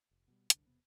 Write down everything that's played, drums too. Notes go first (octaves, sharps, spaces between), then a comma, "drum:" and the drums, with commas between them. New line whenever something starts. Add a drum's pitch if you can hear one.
F1
B2 F#3 G3
F#1 C2 D3, drum: hi-hat
E1 C3 B3